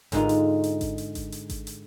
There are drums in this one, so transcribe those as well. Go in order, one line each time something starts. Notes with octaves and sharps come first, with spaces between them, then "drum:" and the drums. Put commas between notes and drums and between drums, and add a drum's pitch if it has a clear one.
G#2 D3 D#4 F4, drum: kick G#1, hi-hat
drum: hi-hat
drum: hi-hat
drum: kick G#1, hi-hat
drum: hi-hat
drum: kick G#1, hi-hat
drum: hi-hat
drum: kick G#1, hi-hat
drum: hi-hat